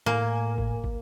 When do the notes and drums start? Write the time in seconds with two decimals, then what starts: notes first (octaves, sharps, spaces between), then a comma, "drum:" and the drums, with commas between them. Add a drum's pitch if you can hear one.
0.06 A2 A3 A#3 G#5
0.58 drum: kick
0.84 drum: kick